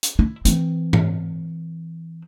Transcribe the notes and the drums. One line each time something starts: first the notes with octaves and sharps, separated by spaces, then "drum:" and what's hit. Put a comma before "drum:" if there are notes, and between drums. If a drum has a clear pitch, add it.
drum: hi-hat
E4
E3 C4, drum: hi-hat
drum: tom G#2